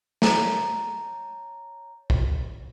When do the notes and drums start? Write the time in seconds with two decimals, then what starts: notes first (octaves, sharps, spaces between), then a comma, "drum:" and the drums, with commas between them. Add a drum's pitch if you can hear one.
0.22 C#5 A5 A#5, drum: snare
2.10 drum: kick